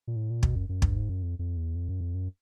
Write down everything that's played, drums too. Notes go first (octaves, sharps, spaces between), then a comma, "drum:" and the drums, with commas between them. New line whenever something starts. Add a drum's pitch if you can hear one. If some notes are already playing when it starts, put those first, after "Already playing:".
A#2
A2
A#2
B2, drum: kick
F#2
F#2
G2, drum: kick
G#2
F#2
F2
F2
E2
F2
F#2
F2
F#2